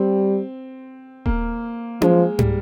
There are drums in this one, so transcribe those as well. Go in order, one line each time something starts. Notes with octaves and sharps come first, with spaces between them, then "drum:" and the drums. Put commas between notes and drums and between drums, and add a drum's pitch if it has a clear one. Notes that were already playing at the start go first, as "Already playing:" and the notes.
Already playing: G3 C4
A#3, drum: kick D#1
F3 G#3, drum: tom C#4
G3, drum: tom